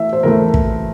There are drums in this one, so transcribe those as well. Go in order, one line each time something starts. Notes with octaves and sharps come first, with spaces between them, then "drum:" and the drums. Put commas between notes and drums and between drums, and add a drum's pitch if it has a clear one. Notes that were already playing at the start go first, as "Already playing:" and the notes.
Already playing: E3 A3 E5
C5
E2 E3 A3 A#4
drum: kick